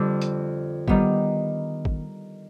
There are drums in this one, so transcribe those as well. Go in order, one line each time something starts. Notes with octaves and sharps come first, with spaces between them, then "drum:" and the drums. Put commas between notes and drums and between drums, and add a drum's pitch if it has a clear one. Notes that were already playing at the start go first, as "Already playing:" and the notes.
Already playing: F2 D3 G3
drum: hi-hat
D#3 G3 B3, drum: kick
drum: kick